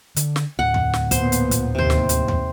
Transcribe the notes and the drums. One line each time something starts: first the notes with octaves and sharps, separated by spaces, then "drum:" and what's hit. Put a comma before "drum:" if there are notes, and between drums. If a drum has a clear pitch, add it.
D3, drum: hi-hat
drum: snare
D2 A2 F#5
drum: tom E2
drum: snare
A#2 B3 C5, drum: kick, hi-hat
drum: hi-hat
drum: kick, hi-hat
D#2 C3 C5
drum: snare
drum: hi-hat
drum: tom E2